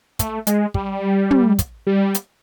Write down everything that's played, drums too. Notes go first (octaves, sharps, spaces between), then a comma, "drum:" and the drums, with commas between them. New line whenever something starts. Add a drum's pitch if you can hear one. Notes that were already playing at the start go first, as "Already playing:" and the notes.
A3, drum: kick, hi-hat
G#3, drum: hi-hat
G3, drum: kick
drum: tom
drum: kick, hi-hat
G3
drum: hi-hat